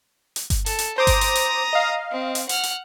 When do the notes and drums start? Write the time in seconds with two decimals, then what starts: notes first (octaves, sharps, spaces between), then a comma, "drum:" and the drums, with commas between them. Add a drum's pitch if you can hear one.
0.36 drum: hi-hat
0.50 drum: kick G1, hi-hat
0.66 A4, drum: hi-hat
0.79 drum: hi-hat
0.98 C5 A#5 D6 D#6
1.07 drum: kick G1, hi-hat
1.21 drum: hi-hat
1.35 drum: hi-hat
1.73 D#5 F5
2.12 C4
2.35 drum: hi-hat
2.49 F#5 F6, drum: hi-hat
2.63 drum: hi-hat